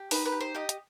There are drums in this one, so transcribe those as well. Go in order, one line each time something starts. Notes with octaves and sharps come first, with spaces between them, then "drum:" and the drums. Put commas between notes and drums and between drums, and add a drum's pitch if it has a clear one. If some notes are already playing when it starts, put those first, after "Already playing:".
Already playing: G4
D#4 B4, drum: open hi-hat
B4
G4
C5
G4 D#5
drum: hi-hat